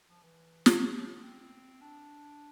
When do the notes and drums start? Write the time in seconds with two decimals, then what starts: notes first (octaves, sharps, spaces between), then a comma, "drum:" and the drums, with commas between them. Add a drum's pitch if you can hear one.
0.08 F3
0.23 E3
0.66 drum: snare
0.94 F3
1.04 A3
1.14 B3
1.23 C4
1.81 D4